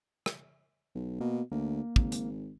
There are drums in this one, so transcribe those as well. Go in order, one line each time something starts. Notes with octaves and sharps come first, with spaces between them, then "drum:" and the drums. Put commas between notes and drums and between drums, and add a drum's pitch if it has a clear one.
drum: rim click
B1
B2 A#3
D2 A#3
G#1, drum: kick
drum: hi-hat